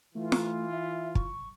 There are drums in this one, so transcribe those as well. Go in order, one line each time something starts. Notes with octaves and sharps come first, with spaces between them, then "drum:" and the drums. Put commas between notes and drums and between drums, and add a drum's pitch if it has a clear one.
E3 A3 F4
drum: snare
E5
C#6, drum: kick